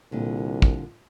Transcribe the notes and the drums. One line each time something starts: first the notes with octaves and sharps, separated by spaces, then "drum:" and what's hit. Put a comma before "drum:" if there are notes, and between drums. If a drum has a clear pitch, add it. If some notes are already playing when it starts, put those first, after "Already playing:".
C2 A#2 D3
drum: kick